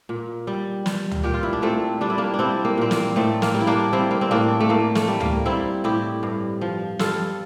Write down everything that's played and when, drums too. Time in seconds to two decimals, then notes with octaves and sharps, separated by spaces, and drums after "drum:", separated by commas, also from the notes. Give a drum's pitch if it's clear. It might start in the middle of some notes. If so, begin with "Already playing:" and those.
0.09 A#2
0.47 G3
0.86 G3, drum: snare
1.11 drum: tom C#2
1.23 A#2 G4
1.33 F4
1.43 E4
1.53 D4
1.62 A#2 A3 C4
2.01 G3 D4
2.10 E4
2.18 A#3 D4
2.34 D4
2.39 G3 C4 E4
2.65 A#3
2.77 A#2 C4
2.91 A#3, drum: snare
3.16 A2 A3 C4
3.42 A#3, drum: snare
3.54 G3
3.60 E4
3.67 A#3 D4
3.93 G3 C4 E4
4.11 A#3
4.21 C4
4.31 A2 A#3 D4
4.60 A3
4.69 A2 A#3
4.95 A3, drum: snare
5.08 G3
5.20 A#3, drum: tom C#2
5.45 G3 C4 E4
5.84 A2 E4 G4
6.23 G2
6.61 F3
6.99 G2 F4 A4, drum: snare